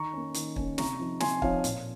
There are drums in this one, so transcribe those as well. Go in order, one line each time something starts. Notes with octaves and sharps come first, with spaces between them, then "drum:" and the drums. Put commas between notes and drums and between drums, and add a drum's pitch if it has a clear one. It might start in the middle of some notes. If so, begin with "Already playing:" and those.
Already playing: D#3 A#5 C#6
A#3 C#4
D#3, drum: hi-hat
A#3 C#4, drum: kick
C3 A#5 C#6, drum: snare
F3 C4 D#4
C3 G#5 C6, drum: snare
F3 C4 D#4 C#5 F5, drum: kick
A#2, drum: hi-hat